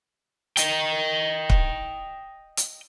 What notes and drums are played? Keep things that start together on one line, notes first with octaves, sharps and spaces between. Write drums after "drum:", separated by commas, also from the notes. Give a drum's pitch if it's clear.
D#5 G5, drum: hi-hat
drum: kick
drum: hi-hat